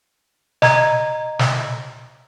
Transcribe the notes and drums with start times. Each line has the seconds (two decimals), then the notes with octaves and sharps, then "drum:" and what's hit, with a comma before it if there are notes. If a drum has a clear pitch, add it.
0.62 D#5 A#5 G#6, drum: snare
1.39 drum: snare